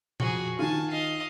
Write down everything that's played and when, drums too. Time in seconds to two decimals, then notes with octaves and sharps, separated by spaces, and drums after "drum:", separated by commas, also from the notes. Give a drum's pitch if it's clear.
0.20 F2 F#4 G#4, drum: tom A#2
0.59 D#3 F4 G#5 A5
0.90 D#5 F5